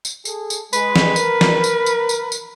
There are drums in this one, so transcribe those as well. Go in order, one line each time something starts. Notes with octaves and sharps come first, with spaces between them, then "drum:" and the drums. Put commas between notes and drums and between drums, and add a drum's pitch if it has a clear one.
drum: tambourine
G#4 A4, drum: tambourine
drum: tambourine
G#3 B4, drum: tambourine
drum: snare
A#4, drum: tambourine
drum: snare
drum: tambourine
drum: tambourine
drum: tambourine
drum: tambourine